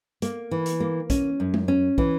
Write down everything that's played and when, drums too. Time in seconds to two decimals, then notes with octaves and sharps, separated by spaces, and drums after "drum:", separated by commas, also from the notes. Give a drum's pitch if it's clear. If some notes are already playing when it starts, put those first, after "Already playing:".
0.22 A#3, drum: hi-hat
0.51 E3
0.66 drum: hi-hat
0.80 A#3
1.10 C#4, drum: kick, hi-hat
1.40 F#2
1.54 drum: tom G#3
1.68 C#4
1.98 E3, drum: kick